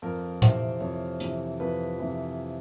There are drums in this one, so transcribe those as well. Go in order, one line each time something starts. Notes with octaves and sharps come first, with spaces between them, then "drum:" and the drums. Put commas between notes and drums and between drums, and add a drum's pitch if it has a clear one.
F2 A#4
C3 E3 C5, drum: tom
F2 C#5
C3 E3, drum: hi-hat
F2 B4
C3 E3